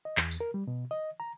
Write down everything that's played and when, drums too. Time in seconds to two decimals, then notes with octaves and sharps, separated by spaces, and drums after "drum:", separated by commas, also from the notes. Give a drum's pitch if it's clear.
0.05 D#5
0.17 E2, drum: clap
0.31 drum: tambourine
0.40 A#4
0.54 G3
0.67 B2
0.91 D#5
1.20 A#5